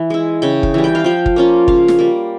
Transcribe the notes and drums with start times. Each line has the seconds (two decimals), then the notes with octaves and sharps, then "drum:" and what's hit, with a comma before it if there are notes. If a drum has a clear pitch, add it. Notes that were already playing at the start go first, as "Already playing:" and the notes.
Already playing: E3
0.10 G#3 E4
0.42 C#3 G5
0.63 drum: kick
0.74 E3 G3
0.84 G5
0.95 F5
1.04 F3 G5
1.26 drum: kick
1.36 A#3 C#4 F4
1.68 C#3 F5, drum: kick
1.88 drum: snare
1.99 G3 A#3